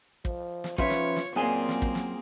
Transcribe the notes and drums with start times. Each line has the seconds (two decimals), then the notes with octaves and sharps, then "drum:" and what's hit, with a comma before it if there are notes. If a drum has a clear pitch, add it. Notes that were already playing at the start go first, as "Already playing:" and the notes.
0.25 F3, drum: kick
0.64 drum: snare
0.78 F3 C#4 F4 B4 C#5 E5, drum: kick
0.90 drum: snare
1.16 drum: snare
1.36 F#2 A#2 A#3 C4 G#4 G#5 C6
1.69 drum: snare
1.82 drum: kick
1.95 drum: snare